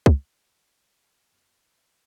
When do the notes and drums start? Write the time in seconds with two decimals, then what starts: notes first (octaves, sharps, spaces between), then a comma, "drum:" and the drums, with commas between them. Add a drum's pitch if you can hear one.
0.06 F#3, drum: kick
1.03 F5 G#5
1.32 F#2 B2 F6 B6 D7
1.78 B4 D#5 E5